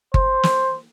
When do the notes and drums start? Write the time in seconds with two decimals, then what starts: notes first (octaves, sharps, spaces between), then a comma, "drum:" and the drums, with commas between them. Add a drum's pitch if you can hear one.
0.14 C5, drum: kick G1
0.43 drum: snare